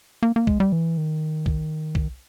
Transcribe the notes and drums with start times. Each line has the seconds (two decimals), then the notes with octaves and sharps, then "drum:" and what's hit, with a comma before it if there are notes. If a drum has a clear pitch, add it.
0.23 A#3
0.36 A#3
0.47 G#3, drum: kick
0.60 G3
0.72 E3
0.97 D#3
1.46 drum: kick
1.95 drum: kick